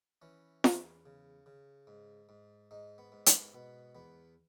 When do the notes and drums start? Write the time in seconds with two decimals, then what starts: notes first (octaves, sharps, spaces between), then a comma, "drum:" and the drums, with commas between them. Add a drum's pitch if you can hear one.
0.22 E3 C#4
0.64 E2, drum: snare F4
1.06 C#3
1.46 C#3
1.87 G#2
2.29 G#2
2.71 G#2 D#4
2.98 B3
3.12 G#2
3.26 B3, drum: hi-hat
3.54 B2 B3
3.95 E2 B3